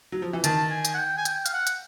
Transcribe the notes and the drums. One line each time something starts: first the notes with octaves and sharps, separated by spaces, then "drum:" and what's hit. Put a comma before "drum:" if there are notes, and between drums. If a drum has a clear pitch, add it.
F#3
F3
E3
D#3 A5, drum: hi-hat
G#5
drum: hi-hat
F#5
G5
G#5
G5, drum: hi-hat
F5, drum: hi-hat
F#5
drum: hi-hat